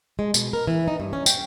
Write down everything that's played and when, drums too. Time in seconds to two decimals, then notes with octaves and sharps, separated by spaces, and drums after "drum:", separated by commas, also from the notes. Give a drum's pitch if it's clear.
0.19 G#3
0.34 B2, drum: tambourine
0.53 A#4
0.67 E3
0.88 D#4
1.00 G2
1.13 C#4
1.26 G5, drum: tambourine